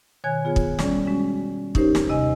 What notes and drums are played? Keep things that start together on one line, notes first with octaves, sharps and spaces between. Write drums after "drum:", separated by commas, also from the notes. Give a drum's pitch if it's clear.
B2 D#3 C#5 G#5 F#6 G#6
B3 F4 G#4 C#5
drum: kick
G3 C#4 D5, drum: snare
G#3 C#4 F#4
C#4 D#4 G4 A#4 C5 C#5, drum: kick
drum: snare
D#2 C3 D#5 G#5